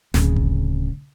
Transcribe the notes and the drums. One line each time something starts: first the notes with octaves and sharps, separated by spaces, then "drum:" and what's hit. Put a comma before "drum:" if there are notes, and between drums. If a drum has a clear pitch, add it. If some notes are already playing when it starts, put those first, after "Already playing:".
D1 C#3, drum: snare
drum: kick G#1